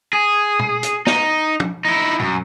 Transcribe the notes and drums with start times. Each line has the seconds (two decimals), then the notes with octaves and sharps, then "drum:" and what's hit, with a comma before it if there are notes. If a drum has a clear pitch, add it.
0.13 G#4
0.59 drum: tom
0.83 drum: hi-hat
1.07 D#4, drum: snare
1.60 drum: tom
1.85 D#4 E4
2.20 F#2, drum: tom